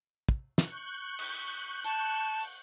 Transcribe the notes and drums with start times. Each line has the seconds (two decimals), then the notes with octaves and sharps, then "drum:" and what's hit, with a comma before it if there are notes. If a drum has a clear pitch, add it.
0.29 drum: kick
0.58 C#6 F#6 G6, drum: snare
1.19 drum: cymbal
1.84 A5, drum: hi-hat
2.40 drum: open hi-hat